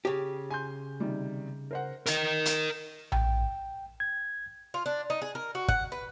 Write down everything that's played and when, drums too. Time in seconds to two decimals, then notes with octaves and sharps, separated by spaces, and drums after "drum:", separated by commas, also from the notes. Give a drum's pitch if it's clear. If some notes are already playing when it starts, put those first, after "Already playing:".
0.05 C#3 G4
0.50 G#5 C6 G6
1.00 C3 D#3 G3
1.71 A#4 C5 F#5
2.06 A#4 D#5, drum: hi-hat
2.45 drum: hi-hat
3.12 G5, drum: tom A#1
4.00 G#6
4.74 F4
4.86 D4
5.10 D#4
5.22 G#4
5.35 A#4
5.55 F#4
5.68 F#5, drum: kick
5.92 B4